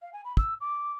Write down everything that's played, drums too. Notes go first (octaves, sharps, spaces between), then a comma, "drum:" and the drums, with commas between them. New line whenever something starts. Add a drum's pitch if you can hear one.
F5
G#5
B5
E6, drum: kick
D6